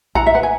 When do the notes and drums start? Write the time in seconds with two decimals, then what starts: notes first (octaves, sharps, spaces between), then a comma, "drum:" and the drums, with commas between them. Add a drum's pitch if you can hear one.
0.15 E4 F#5 A#5, drum: kick A#1
0.26 E5
0.34 B4 F#5
0.43 G#5